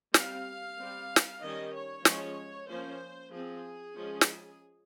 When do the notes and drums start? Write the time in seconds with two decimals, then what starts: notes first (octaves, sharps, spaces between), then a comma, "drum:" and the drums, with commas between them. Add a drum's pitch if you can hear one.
0.14 G3 C4 F5, drum: snare
0.78 G3 C4
1.16 drum: snare
1.41 D#3 G3 C#4 D#5
1.73 C#5
2.05 F3 G#3 C#4, drum: snare
2.69 F3 A#3 C#4 C5
3.33 F3 C4 G#4
3.96 F3 G#3 C#4
4.21 drum: snare